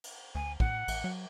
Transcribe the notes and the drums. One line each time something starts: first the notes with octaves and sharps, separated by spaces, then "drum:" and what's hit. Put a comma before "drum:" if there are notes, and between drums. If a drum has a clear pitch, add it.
drum: cymbal
D2 G#5
A2 F#5, drum: kick
A1, drum: cymbal
F#3